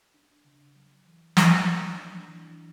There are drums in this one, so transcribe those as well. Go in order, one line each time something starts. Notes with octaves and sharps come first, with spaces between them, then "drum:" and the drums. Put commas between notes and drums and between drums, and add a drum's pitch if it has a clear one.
D4
C#3
F#3
E3
G3, drum: snare
A#3
D4
E3